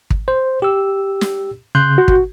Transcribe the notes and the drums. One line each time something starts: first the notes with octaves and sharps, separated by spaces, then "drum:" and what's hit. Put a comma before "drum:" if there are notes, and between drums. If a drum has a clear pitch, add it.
drum: kick
C5
G4 E6
drum: snare
C#3 C6 F#6 G6
F#4
drum: kick